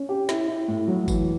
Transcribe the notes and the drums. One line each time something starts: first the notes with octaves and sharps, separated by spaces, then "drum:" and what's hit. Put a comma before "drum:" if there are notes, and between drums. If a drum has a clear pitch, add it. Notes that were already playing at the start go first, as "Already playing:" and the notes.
Already playing: C#4
G4
E4, drum: snare
E4
A2
F#3
E3, drum: kick G#1, tambourine